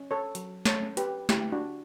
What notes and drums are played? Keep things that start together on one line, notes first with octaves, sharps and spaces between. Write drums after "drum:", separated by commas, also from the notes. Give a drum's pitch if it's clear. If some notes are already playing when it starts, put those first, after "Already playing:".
Already playing: C#4
A4 C#5
F#3, drum: hi-hat
A4 C#5, drum: snare
C#4
G4 B4, drum: hi-hat
D3 E4 G4, drum: snare
D4 F#4